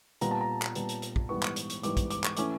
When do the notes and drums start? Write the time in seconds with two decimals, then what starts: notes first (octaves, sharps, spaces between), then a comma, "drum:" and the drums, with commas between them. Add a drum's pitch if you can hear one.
0.21 A#2 G3 B3 A#5, drum: hi-hat
0.31 A5
0.41 A#5
0.62 drum: clap
0.75 A#2 G3 B3, drum: hi-hat
0.89 drum: hi-hat
1.02 drum: hi-hat
1.16 drum: kick
1.29 G#2 E3 G3 B3 C#6
1.43 drum: clap
1.56 drum: hi-hat
1.70 drum: hi-hat
1.83 G#2 E3 G3 B3 D6, drum: hi-hat
1.97 drum: kick, hi-hat
2.10 D6, drum: hi-hat
2.24 C#6, drum: clap
2.37 E3 A3 C#4 D6, drum: hi-hat